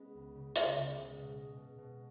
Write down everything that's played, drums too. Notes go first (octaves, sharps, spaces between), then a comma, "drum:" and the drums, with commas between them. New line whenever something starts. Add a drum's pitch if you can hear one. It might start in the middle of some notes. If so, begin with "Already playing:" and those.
Already playing: G#3 B3 C#4
C#2
C#3
B3, drum: hi-hat
C#3
G#3
B2
G#3
B2
B2